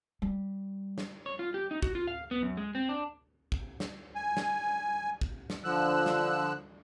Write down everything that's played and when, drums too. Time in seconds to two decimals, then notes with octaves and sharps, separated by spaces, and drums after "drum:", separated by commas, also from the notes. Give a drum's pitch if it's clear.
0.22 G3
0.98 drum: snare
1.26 C#5
1.39 F4
1.54 G4
1.71 D#4
1.82 F#4, drum: kick
1.95 F4
2.07 F5
2.31 B3
2.42 F#2
2.57 G#3
2.75 C4
2.89 D4
3.52 drum: kick
3.80 drum: snare
4.15 G#5
4.37 drum: snare
5.21 drum: kick
5.50 drum: snare
5.64 D3 F3 E6 F#6
6.06 drum: snare